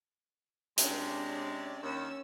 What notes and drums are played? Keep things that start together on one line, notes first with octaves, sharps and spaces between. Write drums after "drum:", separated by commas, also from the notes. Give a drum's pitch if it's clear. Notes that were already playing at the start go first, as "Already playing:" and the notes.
C3 G#3 C#4 D4 D5, drum: hi-hat
D#2 C#4 E6